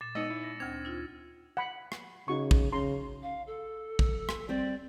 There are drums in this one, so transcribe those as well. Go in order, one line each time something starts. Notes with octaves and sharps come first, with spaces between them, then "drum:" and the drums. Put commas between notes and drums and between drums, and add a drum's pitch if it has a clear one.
A#2 A6 E7
G#3 B3 D#4 D#5 E6 C#7 D#7
E4
A#6
D2 C4 D4 G#6
D#4 F4
F#5 B5
drum: rim click
C#3 D#4 F#4 C#6
drum: kick
C#3 A#5 C6
F5
A4
drum: kick
drum: rim click
G3 C4 G4 D5